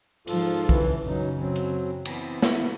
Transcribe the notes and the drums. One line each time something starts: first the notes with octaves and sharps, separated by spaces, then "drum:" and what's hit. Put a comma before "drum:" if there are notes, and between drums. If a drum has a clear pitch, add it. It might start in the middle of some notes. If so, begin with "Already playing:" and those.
G#2 F3 F4 A4, drum: open hi-hat
C#3 E3, drum: kick
F#2 C#3 F#3 D#4
F#3 C4
drum: hi-hat
E3 B3 C4, drum: cymbal
B3 E4, drum: snare